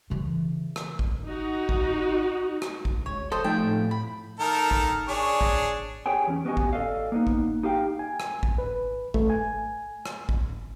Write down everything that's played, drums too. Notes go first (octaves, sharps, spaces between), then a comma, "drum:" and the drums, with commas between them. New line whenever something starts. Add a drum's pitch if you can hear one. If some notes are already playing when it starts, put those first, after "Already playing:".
C#3 E3
drum: rim click
drum: kick A1
D#4 F#4
drum: kick A1
drum: rim click
drum: kick A1
C#2 C#5
F1 A4 C5 D#5
F2 A3 D#4 G5
A2
B5
D#3 A4 A#4
drum: kick A1
D4 G#4 C#5
drum: kick A1
G4 G#4 C#5 G5 G#5
E2 C#4
B3 F#4 G4 D#5 G#5
drum: kick A1
A4 D5 D#5 F5
A#3 B3 D#4
drum: kick A1
D#4 G4 F5 G5
G#5
drum: rim click
drum: kick A1
B4
A3, drum: kick A1
G#5
drum: rim click
drum: kick A1